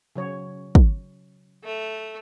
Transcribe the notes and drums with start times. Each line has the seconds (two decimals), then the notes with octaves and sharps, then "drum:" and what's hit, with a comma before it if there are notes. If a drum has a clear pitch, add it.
0.16 C#3 F#3 C#5
0.75 drum: kick
1.64 A3